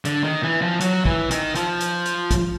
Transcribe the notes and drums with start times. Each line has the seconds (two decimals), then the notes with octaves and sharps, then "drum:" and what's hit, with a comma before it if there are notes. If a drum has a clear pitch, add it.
0.05 D3, drum: hi-hat
0.24 D#3
0.43 E3
0.62 F3
0.80 F#3, drum: hi-hat
1.05 E3, drum: kick
1.31 D#3, drum: hi-hat
1.55 F3, drum: hi-hat
1.80 drum: hi-hat
2.06 drum: hi-hat
2.31 drum: kick, hi-hat